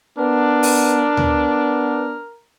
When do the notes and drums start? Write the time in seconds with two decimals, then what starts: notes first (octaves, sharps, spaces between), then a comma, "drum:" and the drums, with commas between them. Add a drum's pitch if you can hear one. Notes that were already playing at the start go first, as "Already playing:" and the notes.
0.18 B3 D4 A#4
0.63 drum: open hi-hat
1.17 B3, drum: tom D2